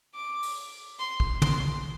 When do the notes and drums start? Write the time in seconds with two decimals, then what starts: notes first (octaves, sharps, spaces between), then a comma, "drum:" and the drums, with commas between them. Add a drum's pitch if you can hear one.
0.15 D6
0.43 drum: open hi-hat
0.99 C6
1.20 drum: kick
1.42 C6, drum: tom